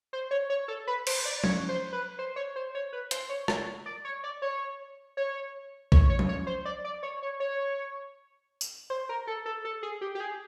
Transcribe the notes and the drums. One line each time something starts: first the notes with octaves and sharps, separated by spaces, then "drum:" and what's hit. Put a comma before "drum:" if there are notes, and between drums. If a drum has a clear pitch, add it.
C5
C#5
C#5
A4
B4
C5, drum: cymbal
D5
C#5, drum: tom F3
C5
B4
C5
C#5
C5
C#5
B4
C5, drum: hi-hat
C#5
C#5, drum: rim click
D5
C#5
D5
C#5
C#5
C#5, drum: kick A#1
C#5
drum: tom F3
C#5
C5
D5
D5
C#5
C#5
C#5
drum: tambourine
C5
A#4
A4
A4
A4
G#4
G4
G4
G#4